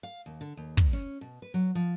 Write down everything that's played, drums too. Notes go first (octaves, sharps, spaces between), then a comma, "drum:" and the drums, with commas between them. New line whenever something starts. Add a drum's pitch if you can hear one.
F5
D#2
D3
D#2
drum: kick
C#4
B2
B4
F#3
F3